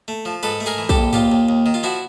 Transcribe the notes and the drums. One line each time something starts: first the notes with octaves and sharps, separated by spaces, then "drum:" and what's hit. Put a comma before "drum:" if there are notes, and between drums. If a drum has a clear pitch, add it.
A3
F3
G#2 A4 B4
A3
G#4 A#4
E3
G4 A4, drum: kick
A#1
D#2 F4 G4, drum: tom G#2
D#2
D#2
D#3
F4
F3 E4 F#4